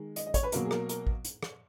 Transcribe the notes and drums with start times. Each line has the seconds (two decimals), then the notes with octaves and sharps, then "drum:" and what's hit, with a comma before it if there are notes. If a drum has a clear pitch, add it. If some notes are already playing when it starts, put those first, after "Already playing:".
Already playing: D#3 G#3
0.16 D#5, drum: hi-hat
0.26 D#5
0.34 C#5, drum: kick A1, hi-hat
0.43 B4
0.52 B2 F#3 A#3 A#4, drum: hi-hat
0.65 G#4
0.71 A#4, drum: rim click
0.89 A#4, drum: hi-hat
1.07 drum: kick A1
1.25 drum: hi-hat
1.43 drum: rim click